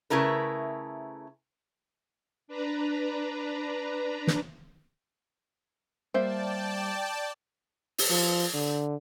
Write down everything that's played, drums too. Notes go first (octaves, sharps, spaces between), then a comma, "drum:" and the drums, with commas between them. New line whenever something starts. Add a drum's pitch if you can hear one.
C#3 A3 E4 A#4 B4
D4 B4 A#5
drum: snare
G3 A#3 C5 D5 E5 G5 A5
drum: open hi-hat
F3
D3